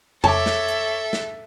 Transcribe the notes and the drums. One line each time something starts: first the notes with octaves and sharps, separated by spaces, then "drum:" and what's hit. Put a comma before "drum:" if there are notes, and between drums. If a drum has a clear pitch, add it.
A4 C#5 E5 A5 D6, drum: tom F2
drum: snare
drum: hi-hat
drum: snare